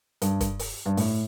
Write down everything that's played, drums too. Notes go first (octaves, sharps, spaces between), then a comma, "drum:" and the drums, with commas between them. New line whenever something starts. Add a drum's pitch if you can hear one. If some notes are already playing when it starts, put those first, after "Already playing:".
G2, drum: hi-hat
drum: kick, hi-hat
drum: open hi-hat
G2
A2, drum: open hi-hat